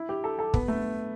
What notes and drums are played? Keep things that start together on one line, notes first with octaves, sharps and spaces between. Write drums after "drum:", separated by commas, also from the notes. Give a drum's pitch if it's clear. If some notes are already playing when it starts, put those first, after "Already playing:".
Already playing: E4
G4
A4
A4
B3, drum: kick
A3